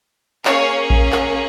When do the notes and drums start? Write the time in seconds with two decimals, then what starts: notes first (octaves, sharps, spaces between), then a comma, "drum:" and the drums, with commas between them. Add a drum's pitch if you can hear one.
0.45 A#3 C#4 G#4 C#5 F5, drum: clap
0.90 drum: kick A1
1.12 drum: clap